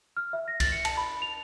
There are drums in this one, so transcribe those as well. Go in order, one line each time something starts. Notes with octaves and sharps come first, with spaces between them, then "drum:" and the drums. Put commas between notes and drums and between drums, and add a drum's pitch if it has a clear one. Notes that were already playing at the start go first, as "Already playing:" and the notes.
F6
E5
A#6
A6, drum: kick, cymbal
C#7
A5, drum: cymbal
B5
F7